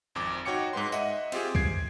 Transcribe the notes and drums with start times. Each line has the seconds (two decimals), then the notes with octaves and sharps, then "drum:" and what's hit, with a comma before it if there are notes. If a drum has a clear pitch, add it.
0.15 G#1 F2 D6
0.45 D#4 F#4 C#5 G5 D6 C#7
0.73 G#2 G#3 B4 C6
0.92 D#5 E5 F#5, drum: tambourine
1.32 C4 F4 G4 G#4, drum: cymbal
1.55 G#6 C7 D7, drum: kick C2